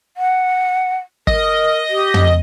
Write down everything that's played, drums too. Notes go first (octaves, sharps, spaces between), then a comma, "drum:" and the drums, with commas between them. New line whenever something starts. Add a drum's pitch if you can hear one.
F#5
A#4 D#5, drum: kick
G4
drum: tom